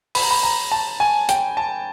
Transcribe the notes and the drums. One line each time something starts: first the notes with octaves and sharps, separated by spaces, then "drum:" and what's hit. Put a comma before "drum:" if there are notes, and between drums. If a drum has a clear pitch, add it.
B5, drum: open hi-hat
A#5
B5
A#5
A5
G#5
G5, drum: hi-hat
A5